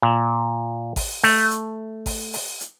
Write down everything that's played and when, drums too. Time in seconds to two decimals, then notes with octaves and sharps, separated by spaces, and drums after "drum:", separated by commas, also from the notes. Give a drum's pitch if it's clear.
0.02 A#2
0.96 drum: kick G#1, open hi-hat
1.24 A3, drum: open hi-hat
1.51 drum: hi-hat
2.06 drum: kick G#1, open hi-hat
2.33 drum: open hi-hat
2.61 drum: hi-hat